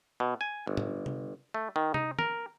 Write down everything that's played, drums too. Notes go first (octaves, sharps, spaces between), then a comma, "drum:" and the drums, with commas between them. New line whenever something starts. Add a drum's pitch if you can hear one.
B2
G#5
G1
drum: tom
drum: tom C3
A3
D#3
D#4, drum: tom C3
A#4, drum: tom